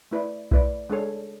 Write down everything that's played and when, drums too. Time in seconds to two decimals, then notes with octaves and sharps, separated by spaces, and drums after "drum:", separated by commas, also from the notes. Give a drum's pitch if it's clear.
0.11 A3 E4 B4 D5
0.51 A3 E4 B4 D5, drum: kick B1
0.90 G#3 D4 A4 C#5